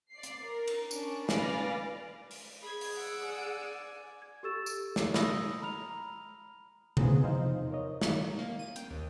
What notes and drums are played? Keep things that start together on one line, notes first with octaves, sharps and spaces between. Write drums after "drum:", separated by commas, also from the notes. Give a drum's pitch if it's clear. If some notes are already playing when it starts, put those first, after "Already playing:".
D5 C7
drum: hi-hat
A#4
drum: cymbal
C#4 D4, drum: tambourine
B4 D5 F5 G#5 F6 A#6, drum: snare
drum: open hi-hat
G#4 B5 G#6
drum: open hi-hat
F#5 E6 D7
D5 G#5
G#6
G4 A4 C#6 E6 A6 E7
drum: tambourine
drum: snare
B5 D#6 E6 A#6, drum: snare
A#5 B5 F6 F7
B3 C4 E4 G#4 F5 A#5, drum: tom C3
E2 F3 D#4 C5 D#5 F5
A#4 C#5 D#5
D#3 G3, drum: snare
A#3
D#7
G5, drum: hi-hat
D#2